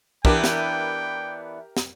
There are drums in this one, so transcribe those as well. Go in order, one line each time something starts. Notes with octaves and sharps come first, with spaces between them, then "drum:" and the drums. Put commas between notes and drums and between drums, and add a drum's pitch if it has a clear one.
E3 B3 D4 G4 A#4 E5 G5, drum: kick
drum: snare
drum: snare